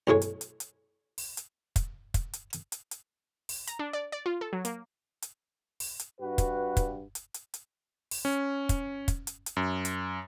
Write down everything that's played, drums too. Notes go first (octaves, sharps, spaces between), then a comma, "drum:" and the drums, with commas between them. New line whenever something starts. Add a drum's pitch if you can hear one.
B1 A2 G#3 C#5
drum: hi-hat
drum: hi-hat
drum: hi-hat
drum: open hi-hat
drum: hi-hat
drum: kick, hi-hat
drum: kick, hi-hat
drum: hi-hat
drum: hi-hat
drum: hi-hat
drum: hi-hat
drum: open hi-hat
A#5, drum: hi-hat
D4
D5
D5
F4
A4
F#3
A#3, drum: hi-hat
drum: hi-hat
drum: open hi-hat
drum: hi-hat
G2 F#4 B4
drum: kick, hi-hat
drum: kick, hi-hat
drum: hi-hat
drum: hi-hat
drum: hi-hat
drum: open hi-hat
C#4
drum: kick, hi-hat
drum: kick, hi-hat
drum: hi-hat
drum: hi-hat
F#2
drum: hi-hat